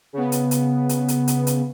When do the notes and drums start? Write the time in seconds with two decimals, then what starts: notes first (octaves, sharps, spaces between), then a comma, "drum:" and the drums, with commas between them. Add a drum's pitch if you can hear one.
0.13 C#3 B3
0.32 drum: hi-hat
0.51 drum: hi-hat
0.89 drum: hi-hat
1.08 drum: hi-hat
1.28 drum: hi-hat
1.47 drum: hi-hat